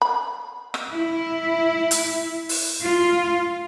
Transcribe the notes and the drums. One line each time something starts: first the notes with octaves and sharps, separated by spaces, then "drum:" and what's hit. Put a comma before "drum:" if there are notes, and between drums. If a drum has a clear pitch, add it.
B5
drum: rim click
E4
drum: hi-hat
drum: open hi-hat
F4